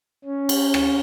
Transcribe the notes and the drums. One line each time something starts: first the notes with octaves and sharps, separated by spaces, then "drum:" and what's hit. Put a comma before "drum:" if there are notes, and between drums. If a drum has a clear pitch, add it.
C#4
drum: cymbal
drum: rim click